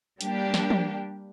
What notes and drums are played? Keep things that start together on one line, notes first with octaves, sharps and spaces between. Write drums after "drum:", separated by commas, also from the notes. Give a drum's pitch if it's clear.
G3 A#3 D4 G4, drum: hi-hat
drum: snare
drum: tom